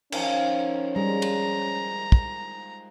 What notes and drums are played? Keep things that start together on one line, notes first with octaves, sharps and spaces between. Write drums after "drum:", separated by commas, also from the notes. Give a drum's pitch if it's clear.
D#3 F3 C#4, drum: cymbal
G3 G#3 A#5
drum: cymbal
drum: kick